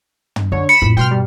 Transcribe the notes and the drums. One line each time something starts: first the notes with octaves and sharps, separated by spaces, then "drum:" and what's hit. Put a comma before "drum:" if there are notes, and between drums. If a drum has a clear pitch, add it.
drum: tom
D3 D4 C#5
B5 C#7 E7
F2 A2
G2 B2 G5 C6 F6
G3